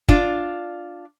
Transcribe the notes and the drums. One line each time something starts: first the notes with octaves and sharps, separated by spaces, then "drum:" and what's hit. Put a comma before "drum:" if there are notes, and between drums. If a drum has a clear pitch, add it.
D4 F4 D5, drum: kick